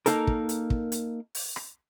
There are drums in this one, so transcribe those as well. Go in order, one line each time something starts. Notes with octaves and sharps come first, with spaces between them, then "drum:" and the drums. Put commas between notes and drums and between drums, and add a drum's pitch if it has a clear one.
A#3 D#4 A4 A#4, drum: hi-hat
drum: kick
drum: hi-hat
drum: kick
drum: hi-hat
drum: open hi-hat
drum: rim click